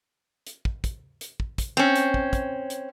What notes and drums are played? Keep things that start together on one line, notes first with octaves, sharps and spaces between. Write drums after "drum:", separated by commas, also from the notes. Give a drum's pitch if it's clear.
drum: hi-hat
drum: kick
drum: kick, hi-hat
drum: hi-hat
drum: kick
drum: kick, hi-hat
C4 C#4
drum: hi-hat
drum: kick
drum: kick, hi-hat
drum: hi-hat